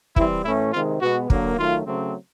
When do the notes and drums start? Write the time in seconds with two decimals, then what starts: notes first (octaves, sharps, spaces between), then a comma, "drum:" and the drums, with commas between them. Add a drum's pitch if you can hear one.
0.16 E3 G3 C4 E4, drum: kick
0.45 A2 E3 A3 C#4 E4
0.73 C3 D#3 G#3 C4 F4
1.02 B2 G#3 B3 F#4
1.30 D3 F#3 A#3, drum: kick
1.58 D#3 F#3 A3 F4
1.87 C#3 F#3 A3 C4